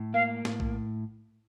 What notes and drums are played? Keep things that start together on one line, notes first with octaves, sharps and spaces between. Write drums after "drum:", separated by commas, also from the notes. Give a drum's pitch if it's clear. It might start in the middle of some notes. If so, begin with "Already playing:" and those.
Already playing: A2
A#3 F5
A2, drum: snare
drum: kick A#1